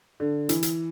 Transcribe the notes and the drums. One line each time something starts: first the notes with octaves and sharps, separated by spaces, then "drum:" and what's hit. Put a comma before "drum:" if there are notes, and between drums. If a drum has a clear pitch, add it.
D3
E3, drum: hi-hat
drum: hi-hat